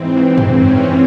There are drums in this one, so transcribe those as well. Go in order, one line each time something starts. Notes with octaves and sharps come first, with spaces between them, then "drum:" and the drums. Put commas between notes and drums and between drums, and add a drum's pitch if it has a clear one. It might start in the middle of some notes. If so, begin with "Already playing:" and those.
Already playing: G#2 E3 C4
drum: tom F#2
C#4